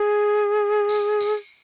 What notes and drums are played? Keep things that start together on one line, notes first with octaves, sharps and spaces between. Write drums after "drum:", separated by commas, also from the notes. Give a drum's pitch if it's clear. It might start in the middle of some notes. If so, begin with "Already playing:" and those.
Already playing: G#4
drum: tambourine
drum: tambourine